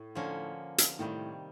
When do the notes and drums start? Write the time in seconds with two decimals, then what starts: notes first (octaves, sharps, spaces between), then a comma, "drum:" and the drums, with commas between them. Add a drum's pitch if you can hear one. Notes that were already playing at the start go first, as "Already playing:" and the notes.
Already playing: A2
0.15 D3 F3 A#3 C#4
0.78 drum: hi-hat
0.99 A2 C3 D#3 G3